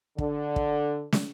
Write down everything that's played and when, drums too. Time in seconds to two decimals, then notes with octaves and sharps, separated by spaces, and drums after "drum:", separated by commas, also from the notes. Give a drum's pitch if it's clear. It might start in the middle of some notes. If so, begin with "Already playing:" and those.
0.18 D3, drum: kick
0.56 drum: kick
1.13 drum: snare